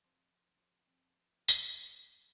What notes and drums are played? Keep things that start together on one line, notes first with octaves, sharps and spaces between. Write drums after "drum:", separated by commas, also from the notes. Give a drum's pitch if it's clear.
F3 C4 C6
F3 C4
drum: tambourine
D3 G3 C4 D6
D6